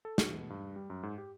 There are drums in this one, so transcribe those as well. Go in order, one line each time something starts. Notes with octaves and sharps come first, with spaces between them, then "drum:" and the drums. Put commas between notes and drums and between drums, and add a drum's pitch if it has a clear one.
A4
F#4, drum: snare
B2
G2
G3
F#2
G#2
G4